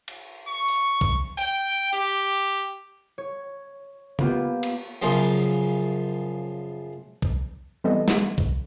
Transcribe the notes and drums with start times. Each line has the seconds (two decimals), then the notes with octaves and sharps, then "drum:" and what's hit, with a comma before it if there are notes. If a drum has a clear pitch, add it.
0.08 drum: cymbal
0.47 C#6
0.68 drum: open hi-hat
1.01 drum: kick B1
1.38 G5, drum: open hi-hat
1.93 G4, drum: hi-hat
3.18 C#5
4.19 A#3 B3 F4 G4, drum: tom C#3
4.63 drum: cymbal
5.02 F#2 C#3 F3
7.22 drum: kick B1
7.84 E3 G3 B3 C4 A4 D#5
8.08 drum: snare
8.38 drum: kick B1